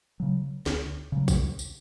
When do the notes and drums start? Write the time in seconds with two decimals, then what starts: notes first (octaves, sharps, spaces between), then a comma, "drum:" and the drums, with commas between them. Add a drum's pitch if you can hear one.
0.20 C#3 F#3
0.66 D2, drum: snare
1.12 C#3 F#3
1.28 drum: kick A#1, tambourine
1.59 drum: tambourine